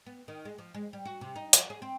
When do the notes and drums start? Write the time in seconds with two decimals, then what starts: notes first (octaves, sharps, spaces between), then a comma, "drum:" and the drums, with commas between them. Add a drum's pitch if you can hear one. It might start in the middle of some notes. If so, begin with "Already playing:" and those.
0.06 B3
0.28 D#3
0.45 G#3
0.58 F3
0.74 G#3
0.93 G3
1.05 F#4
1.21 C3
1.36 D#4
1.53 F3, drum: hi-hat
1.70 G#4
1.82 C4